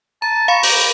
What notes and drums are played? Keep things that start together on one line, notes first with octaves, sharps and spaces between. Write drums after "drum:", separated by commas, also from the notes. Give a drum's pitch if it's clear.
A5 A#5
F5 B5 C#6 A#6
G4, drum: open hi-hat